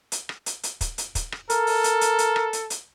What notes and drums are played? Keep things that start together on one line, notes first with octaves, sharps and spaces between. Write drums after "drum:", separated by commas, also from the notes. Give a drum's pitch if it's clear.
drum: hi-hat
drum: rim click
drum: hi-hat
drum: hi-hat
drum: kick, hi-hat
drum: hi-hat
drum: kick, hi-hat
drum: rim click
A4 A#4, drum: hi-hat
drum: open hi-hat
drum: hi-hat
drum: hi-hat
drum: hi-hat
drum: rim click
drum: hi-hat
drum: hi-hat